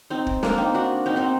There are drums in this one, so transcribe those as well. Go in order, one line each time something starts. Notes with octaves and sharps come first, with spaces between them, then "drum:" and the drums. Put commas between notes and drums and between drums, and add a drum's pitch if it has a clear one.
C4 D#4
drum: kick
A#3 D4, drum: snare
C4 D#4
D4 F#4
C4 D#4
C4 D#4